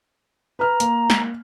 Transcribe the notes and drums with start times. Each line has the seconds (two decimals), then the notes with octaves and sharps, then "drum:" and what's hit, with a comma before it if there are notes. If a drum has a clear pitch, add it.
0.59 B4 A#5 F6
0.80 A#3, drum: hi-hat
1.10 drum: snare